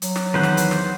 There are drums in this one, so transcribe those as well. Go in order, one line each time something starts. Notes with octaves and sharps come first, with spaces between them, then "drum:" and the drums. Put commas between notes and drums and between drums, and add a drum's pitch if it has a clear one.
F#3, drum: hi-hat
drum: snare
E2 D#3 B4 C5 F#5
drum: snare
drum: hi-hat
drum: snare